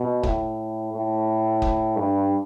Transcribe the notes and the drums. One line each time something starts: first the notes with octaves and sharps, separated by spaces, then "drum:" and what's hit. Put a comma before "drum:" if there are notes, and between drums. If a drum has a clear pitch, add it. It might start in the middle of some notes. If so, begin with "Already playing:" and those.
Already playing: B2
A2, drum: kick
A2
drum: kick
G2